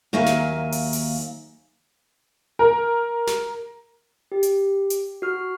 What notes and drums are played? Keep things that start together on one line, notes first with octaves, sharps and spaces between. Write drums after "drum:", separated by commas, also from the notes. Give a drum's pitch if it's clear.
D#2 F#3 A#3 E5 F5 G#5
drum: snare
drum: open hi-hat
drum: open hi-hat
A#4
drum: snare
G4
drum: hi-hat
drum: hi-hat
F#4 F6